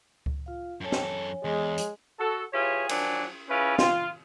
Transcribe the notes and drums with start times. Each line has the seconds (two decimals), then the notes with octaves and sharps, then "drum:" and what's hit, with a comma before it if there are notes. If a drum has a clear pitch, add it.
0.26 drum: kick C#2
0.46 F4 F5
0.81 F#2 A4 C#5 G#5
0.92 drum: snare
1.45 E2 G#3
1.78 drum: hi-hat
2.20 F#4 A4
2.54 E3 F4 G4 G#4 C#5
2.89 D#3 F3 F#3 D4 G#5, drum: cymbal
3.49 C#4 E4 F4 G#4 B4
3.78 F4, drum: snare